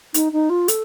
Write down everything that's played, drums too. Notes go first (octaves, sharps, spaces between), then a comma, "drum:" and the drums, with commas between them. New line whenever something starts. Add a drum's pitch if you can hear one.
D#4, drum: hi-hat
D#4
F4
A4, drum: hi-hat